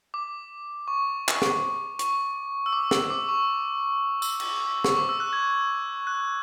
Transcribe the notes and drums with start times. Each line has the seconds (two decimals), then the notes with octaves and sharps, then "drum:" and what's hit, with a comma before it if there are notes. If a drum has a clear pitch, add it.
0.14 D6
0.88 C#6
1.28 drum: clap
1.42 drum: snare
1.99 C#6, drum: hi-hat
2.66 E6
2.73 D6
2.91 E6, drum: snare
3.10 D6
3.29 C#6
4.22 E6, drum: tambourine
4.40 drum: cymbal
4.84 C#6, drum: snare
4.97 D6
5.09 E6
5.20 F#6
5.33 G#6
6.07 F#6